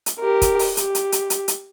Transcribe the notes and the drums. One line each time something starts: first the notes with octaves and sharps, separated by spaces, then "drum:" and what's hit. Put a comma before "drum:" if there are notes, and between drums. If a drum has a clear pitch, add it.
drum: hi-hat
G4 A#4
drum: kick, hi-hat
drum: open hi-hat
G4, drum: hi-hat
drum: hi-hat
drum: hi-hat
drum: hi-hat
drum: hi-hat